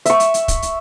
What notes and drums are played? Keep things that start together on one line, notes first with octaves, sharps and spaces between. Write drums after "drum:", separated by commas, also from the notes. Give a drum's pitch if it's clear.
E5 C#6, drum: hi-hat
drum: hi-hat
drum: hi-hat
drum: kick, hi-hat
drum: hi-hat